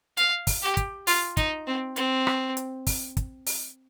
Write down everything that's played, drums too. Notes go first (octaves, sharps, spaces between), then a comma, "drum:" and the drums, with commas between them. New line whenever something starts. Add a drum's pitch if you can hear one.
F5, drum: hi-hat
drum: kick, open hi-hat
G4
drum: kick, hi-hat
F4, drum: open hi-hat
D#4, drum: kick, hi-hat
C4
C4, drum: hi-hat
drum: rim click
drum: hi-hat
drum: kick, open hi-hat
drum: kick, hi-hat
drum: open hi-hat